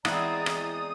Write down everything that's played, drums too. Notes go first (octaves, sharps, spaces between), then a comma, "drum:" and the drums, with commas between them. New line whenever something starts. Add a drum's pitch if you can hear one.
E2 G#3 C4 E4 D5 F#5 A#5 D#6, drum: rim click
drum: rim click